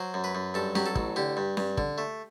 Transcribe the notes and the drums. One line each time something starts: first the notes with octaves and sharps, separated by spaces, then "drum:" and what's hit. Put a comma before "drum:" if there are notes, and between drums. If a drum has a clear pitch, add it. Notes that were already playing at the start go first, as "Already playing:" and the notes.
Already playing: F#3 C5
F#2
B4
F#2
G2 A4
F#3 G4, drum: snare
A4
A1, drum: kick
D3 G4
G2
G2, drum: snare
D3, drum: kick
A3